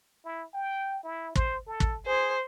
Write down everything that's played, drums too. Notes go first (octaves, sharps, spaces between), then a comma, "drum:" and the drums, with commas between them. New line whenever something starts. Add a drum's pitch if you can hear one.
E4
G5
E4
C5, drum: kick
A4
drum: kick
G#4 C5